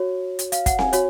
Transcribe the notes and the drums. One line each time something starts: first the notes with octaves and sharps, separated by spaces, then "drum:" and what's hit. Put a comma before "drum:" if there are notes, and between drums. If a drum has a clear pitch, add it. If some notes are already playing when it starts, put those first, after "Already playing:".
Already playing: F#4 C#5
drum: hi-hat
F5, drum: hi-hat
F#5, drum: kick, hi-hat
G#5, drum: snare C4
F#4 C#5, drum: hi-hat